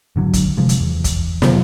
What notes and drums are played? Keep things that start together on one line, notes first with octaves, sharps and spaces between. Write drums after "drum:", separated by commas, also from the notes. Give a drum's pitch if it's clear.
G#1 D3 F#3
drum: kick, hi-hat
C3 F3 G#3
drum: hi-hat
E2
drum: kick, hi-hat
C3 D#3 F3 F#3, drum: snare